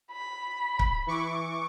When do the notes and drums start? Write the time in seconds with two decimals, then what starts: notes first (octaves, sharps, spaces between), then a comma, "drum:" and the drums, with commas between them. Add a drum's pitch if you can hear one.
0.12 B5
0.79 drum: kick C#1
1.07 E3 C#6 D6